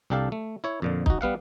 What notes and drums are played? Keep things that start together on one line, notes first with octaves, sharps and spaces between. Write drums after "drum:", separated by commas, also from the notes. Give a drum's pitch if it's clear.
C2 D4 G4 A4 F5 A5
A3
E4 C#5
F2 A#2 D3
D#4 F#4, drum: kick
G3 B3 F5 F#5